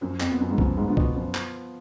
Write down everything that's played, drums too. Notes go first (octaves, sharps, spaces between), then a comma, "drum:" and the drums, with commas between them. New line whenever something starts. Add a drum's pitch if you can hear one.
F#2 F3
F2, drum: clap
B3 F4
F#2
G#2
F#2 F3, drum: kick
G#2
D3 B3 F4
B2, drum: kick
F#2 F3
drum: clap